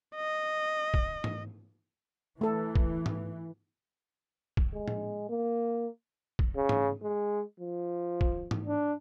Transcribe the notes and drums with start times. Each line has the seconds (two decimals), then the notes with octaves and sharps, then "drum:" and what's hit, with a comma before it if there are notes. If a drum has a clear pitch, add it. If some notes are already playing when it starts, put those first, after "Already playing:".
0.15 D#5
0.94 drum: kick
1.24 drum: tom G#2
2.41 E3 A3 A4
2.76 drum: kick
3.06 drum: tom G#2
4.57 drum: kick
4.74 G#3
4.88 drum: tom
5.29 A#3
6.39 drum: kick
6.56 C#3
6.69 drum: tom G#2
7.03 G#3
7.60 F3
8.21 drum: kick
8.51 drum: tom G#2
8.67 D4